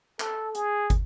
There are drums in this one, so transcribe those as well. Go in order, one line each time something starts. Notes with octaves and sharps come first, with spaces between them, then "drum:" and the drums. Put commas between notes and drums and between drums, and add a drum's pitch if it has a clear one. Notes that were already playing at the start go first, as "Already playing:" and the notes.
A4, drum: clap
G#4, drum: hi-hat
drum: kick, hi-hat